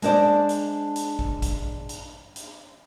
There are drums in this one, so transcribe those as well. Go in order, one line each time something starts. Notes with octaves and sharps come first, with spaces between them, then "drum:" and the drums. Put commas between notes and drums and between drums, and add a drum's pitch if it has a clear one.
G#3 D4 C5 D5, drum: hi-hat
drum: hi-hat
drum: hi-hat
drum: kick A1
drum: kick A1, hi-hat
drum: hi-hat
drum: hi-hat